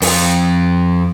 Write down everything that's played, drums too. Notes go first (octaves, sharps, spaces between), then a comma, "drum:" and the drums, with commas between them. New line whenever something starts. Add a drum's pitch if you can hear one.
F2 F4, drum: open hi-hat